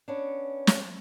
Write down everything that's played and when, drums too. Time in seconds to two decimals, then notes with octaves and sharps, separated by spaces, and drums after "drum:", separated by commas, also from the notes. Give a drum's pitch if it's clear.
0.08 B3 C#4 D4
0.67 drum: snare